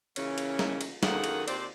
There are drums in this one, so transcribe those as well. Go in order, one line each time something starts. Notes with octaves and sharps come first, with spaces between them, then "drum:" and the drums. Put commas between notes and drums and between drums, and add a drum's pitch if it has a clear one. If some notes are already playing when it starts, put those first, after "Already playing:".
C#3 E3 A#3 C#4, drum: cymbal
drum: cymbal
drum: snare
drum: cymbal
F#2 D#3 A#3 G#4 A4 F#5, drum: snare
drum: cymbal
D#2 C4 C5 D5, drum: cymbal